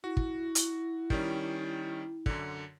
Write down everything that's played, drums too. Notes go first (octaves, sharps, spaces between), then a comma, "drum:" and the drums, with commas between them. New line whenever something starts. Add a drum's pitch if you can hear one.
E4 F#4
drum: kick
drum: hi-hat
D#3 G3 C#4, drum: kick
F#2 D3, drum: kick